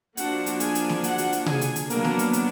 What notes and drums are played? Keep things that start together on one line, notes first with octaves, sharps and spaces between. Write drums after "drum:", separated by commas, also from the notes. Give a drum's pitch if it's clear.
F3 A#3 D4 F#4 F#5, drum: hi-hat
drum: hi-hat
G#4 G#5, drum: hi-hat
drum: hi-hat
drum: snare
F#4 F#5, drum: hi-hat
drum: hi-hat
drum: hi-hat
G#4 G#5, drum: tom C3
drum: hi-hat
drum: hi-hat
F#3 A#3 B3 D4 A#4, drum: hi-hat
drum: snare
drum: hi-hat
drum: hi-hat